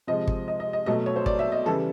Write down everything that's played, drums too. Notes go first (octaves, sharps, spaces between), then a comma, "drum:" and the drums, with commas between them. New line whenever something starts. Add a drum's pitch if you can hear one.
C3 F3 G#3 D#5
drum: kick
D#5
D#5
D#5
B2 F#3 A3 D#5
C#5
C5
D5, drum: kick
E5
D#5
C#3 E3 G3 A4